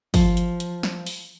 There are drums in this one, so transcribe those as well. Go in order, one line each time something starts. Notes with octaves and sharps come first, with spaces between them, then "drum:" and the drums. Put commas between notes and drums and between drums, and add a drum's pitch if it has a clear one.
F3, drum: kick, open hi-hat
drum: hi-hat
drum: hi-hat
drum: snare
drum: open hi-hat